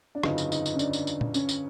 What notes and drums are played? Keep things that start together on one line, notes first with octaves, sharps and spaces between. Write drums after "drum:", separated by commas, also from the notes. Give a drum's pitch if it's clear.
D4
G1 F2 C#3 F#3 D#4, drum: rim click
drum: tambourine
D#4, drum: tambourine
drum: tambourine
C#4
D4, drum: tambourine
drum: tambourine
drum: tambourine
drum: tom
C#4, drum: tambourine
drum: tambourine